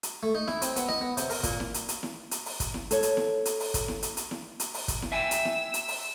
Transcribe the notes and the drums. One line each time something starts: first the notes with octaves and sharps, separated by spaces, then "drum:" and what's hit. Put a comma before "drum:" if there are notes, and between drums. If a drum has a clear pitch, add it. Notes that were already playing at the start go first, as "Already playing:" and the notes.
drum: hi-hat
A3
D#4
E4, drum: snare E4
C4, drum: hi-hat
B3, drum: hi-hat
D#5, drum: snare E4
B3
C3, drum: hi-hat
A#4, drum: open hi-hat
A#2, drum: kick, hi-hat
drum: snare E4
drum: hi-hat
drum: hi-hat
drum: snare E4
drum: hi-hat
drum: open hi-hat
drum: kick, hi-hat
drum: snare E4
A4 C#5, drum: hi-hat
drum: hi-hat
drum: snare E4
drum: hi-hat
drum: open hi-hat
drum: kick, hi-hat
drum: snare E4
drum: hi-hat
drum: hi-hat
drum: snare E4
drum: hi-hat
drum: open hi-hat
drum: kick, hi-hat
drum: snare E4
E5 G5 G#5 E6
drum: hi-hat
drum: snare E4
drum: hi-hat
drum: open hi-hat